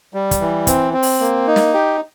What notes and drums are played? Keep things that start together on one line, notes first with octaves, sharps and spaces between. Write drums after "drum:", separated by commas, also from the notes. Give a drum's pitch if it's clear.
G3
drum: kick, hi-hat
E3
C4, drum: kick, hi-hat
C4
drum: open hi-hat
A#3
D#4
drum: snare
G4